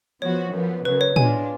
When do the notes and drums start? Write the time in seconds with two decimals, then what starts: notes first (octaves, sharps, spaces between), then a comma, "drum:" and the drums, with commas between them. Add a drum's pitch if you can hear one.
0.22 F3 B3 F#4 C#5
0.54 F#2 F3 B3
0.85 F#2 C#3 F#3 B4
1.01 C#5
1.16 B2 G#3 D4 F4 G#5, drum: tom